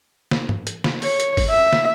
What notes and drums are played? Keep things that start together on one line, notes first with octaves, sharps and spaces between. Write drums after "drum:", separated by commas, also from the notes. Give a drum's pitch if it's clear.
drum: snare
drum: tom
drum: hi-hat
drum: snare
C#5, drum: open hi-hat
drum: hi-hat
drum: kick, open hi-hat
E5
drum: snare